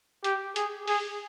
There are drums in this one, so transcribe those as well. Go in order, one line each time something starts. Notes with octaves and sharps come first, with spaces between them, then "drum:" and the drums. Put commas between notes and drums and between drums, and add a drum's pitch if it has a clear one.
G4, drum: hi-hat
G#4, drum: hi-hat
G#4, drum: open hi-hat